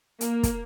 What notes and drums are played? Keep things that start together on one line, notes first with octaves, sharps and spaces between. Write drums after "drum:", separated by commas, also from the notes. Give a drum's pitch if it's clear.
A#3, drum: hi-hat
drum: kick, hi-hat